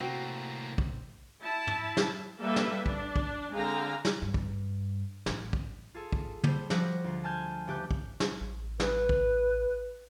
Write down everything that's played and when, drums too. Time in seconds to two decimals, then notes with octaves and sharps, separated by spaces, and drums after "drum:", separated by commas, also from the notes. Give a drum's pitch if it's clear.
0.01 A2 C3 A#3 C4 F#4
0.78 drum: kick
1.42 E4 A5
1.67 drum: tom
1.97 drum: snare
2.39 G3 A#3 A4 B4 E5
2.56 drum: snare
2.86 D4, drum: kick
3.16 drum: kick
3.52 D3 G#3 C4 F5 G5 A#5
4.05 drum: snare
4.22 G2
4.34 drum: kick
5.26 A1, drum: snare
5.53 drum: kick
5.94 F4 G#4 A4
6.12 drum: kick
6.44 G3 A4 C5, drum: tom
6.70 F3 G3 F#4 F#5 F#6 A#6, drum: snare
7.04 D2 F4
7.24 G#5 A5 F6 G6 G#6
7.67 F#1 A3 G4 D6 F#6 G6
7.91 drum: kick
8.20 drum: snare
8.41 A1
8.80 B4, drum: snare
9.09 drum: kick